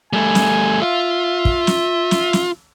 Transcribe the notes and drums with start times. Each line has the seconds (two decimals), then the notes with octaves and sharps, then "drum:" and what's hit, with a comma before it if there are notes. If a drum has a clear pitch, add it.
0.13 G3 A3 G#5
0.35 drum: snare
0.82 F4 E5
1.45 drum: kick
1.67 drum: snare
2.11 drum: snare
2.33 drum: snare